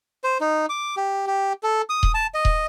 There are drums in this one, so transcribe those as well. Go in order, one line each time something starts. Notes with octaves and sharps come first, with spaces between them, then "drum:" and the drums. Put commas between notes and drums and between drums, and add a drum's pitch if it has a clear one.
C5
D#4
D6
G4
G4
A4
D#6
drum: kick D#1
A5
D#5
drum: kick D#1